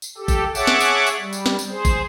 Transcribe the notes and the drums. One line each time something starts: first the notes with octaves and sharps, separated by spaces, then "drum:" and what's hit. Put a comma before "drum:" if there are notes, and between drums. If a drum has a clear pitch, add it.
drum: tambourine
G4 A4
drum: kick, tambourine
G#4 C#5 E5 F#5 A5 D6, drum: tambourine
drum: snare
drum: tambourine
drum: tambourine
G3
drum: tambourine
drum: snare
drum: tambourine
G#4 C5
drum: kick, tambourine